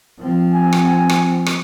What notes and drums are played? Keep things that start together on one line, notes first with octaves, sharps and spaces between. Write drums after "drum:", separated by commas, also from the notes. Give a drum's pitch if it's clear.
F3 C4
G#5
drum: rim click
drum: rim click
drum: rim click